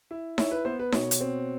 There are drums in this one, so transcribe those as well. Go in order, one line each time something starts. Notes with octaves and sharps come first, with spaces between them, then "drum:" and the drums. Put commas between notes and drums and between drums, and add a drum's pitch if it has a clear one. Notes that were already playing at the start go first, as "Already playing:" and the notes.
E4
E4 C#5, drum: snare D#4
B4
B3 C5
B4
B2 C#5, drum: snare D#4
drum: hi-hat
C4